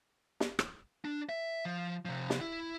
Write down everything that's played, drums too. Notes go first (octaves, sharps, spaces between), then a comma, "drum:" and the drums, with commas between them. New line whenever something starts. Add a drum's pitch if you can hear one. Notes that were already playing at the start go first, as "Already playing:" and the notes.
drum: snare
drum: rim click
D4
E5
F3
C3 F3
drum: snare
E4